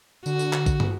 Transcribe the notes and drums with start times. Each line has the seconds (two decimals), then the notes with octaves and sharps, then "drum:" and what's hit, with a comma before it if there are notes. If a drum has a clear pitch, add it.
0.26 D3 F#4, drum: tambourine
0.39 drum: tambourine
0.53 drum: clap
0.66 drum: kick A1, tambourine
0.80 drum: tom